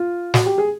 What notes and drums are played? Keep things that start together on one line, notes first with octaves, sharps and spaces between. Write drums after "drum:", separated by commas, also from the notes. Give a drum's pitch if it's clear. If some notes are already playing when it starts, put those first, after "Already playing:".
Already playing: F4
F#4, drum: snare
G4
G#4